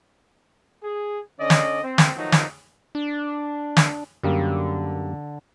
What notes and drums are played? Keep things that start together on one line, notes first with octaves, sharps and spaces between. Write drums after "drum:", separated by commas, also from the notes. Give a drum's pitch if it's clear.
G#4
D3 C#4 D5 D#5
drum: snare
C4
drum: snare
D#3 F3 F#3 A3 D#4
drum: snare
D4
drum: snare
F#2 D3 G3 A#3